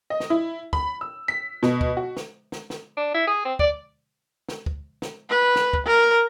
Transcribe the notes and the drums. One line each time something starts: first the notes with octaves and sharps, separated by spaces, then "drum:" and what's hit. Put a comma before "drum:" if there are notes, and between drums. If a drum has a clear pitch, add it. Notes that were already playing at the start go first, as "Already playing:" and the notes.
D#5
drum: snare
E4
B5, drum: kick
E6
B6
B2, drum: snare
drum: kick
F#4
drum: snare
drum: snare
drum: snare
D4
E4
G#4
C4
D5, drum: kick
drum: snare
drum: kick
drum: snare
B4
drum: snare
drum: kick
A#4